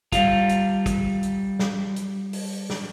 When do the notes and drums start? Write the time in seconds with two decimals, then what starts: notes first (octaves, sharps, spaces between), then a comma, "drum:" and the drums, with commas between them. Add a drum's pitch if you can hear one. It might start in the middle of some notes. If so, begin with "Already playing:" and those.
0.12 G3 F4, drum: kick, hi-hat
0.49 drum: hi-hat
0.86 drum: kick, hi-hat
1.23 drum: hi-hat
1.59 drum: snare
1.96 drum: hi-hat
2.33 drum: open hi-hat
2.70 drum: snare